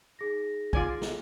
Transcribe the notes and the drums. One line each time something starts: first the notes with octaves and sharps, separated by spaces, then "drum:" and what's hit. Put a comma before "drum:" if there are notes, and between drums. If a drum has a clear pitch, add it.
D#4 G#4 A#6
F4 D5 G#5, drum: kick
drum: snare